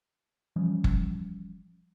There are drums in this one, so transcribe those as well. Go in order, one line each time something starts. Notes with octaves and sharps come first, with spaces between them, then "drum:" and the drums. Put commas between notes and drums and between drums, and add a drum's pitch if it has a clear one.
E3 F3 G3 C#4
drum: kick F#1